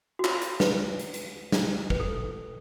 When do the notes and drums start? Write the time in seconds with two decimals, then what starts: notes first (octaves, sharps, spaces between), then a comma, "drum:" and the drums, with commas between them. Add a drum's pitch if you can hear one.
0.19 F#4
0.24 F4, drum: clap
0.42 drum: hi-hat
0.60 B4, drum: snare
0.99 drum: hi-hat
1.14 drum: hi-hat
1.52 drum: snare
1.90 B4, drum: kick
2.00 A4